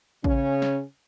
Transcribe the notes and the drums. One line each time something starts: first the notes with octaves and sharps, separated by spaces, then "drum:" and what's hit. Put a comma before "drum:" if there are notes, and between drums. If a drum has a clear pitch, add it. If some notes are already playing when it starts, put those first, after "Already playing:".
C#3 C#4, drum: kick A1
drum: snare